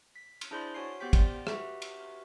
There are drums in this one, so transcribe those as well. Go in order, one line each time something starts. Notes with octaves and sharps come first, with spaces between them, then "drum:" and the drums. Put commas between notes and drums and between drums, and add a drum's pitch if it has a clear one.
B6
drum: cymbal
D4 E4 G#4 C5 D5 C6
F#4 C#5 G#5 C6 C7
B3 G4 C5 G5 G6 B6
D5 G5 C6, drum: kick, cymbal
F#4 G4 B4 E5, drum: rim click
drum: cymbal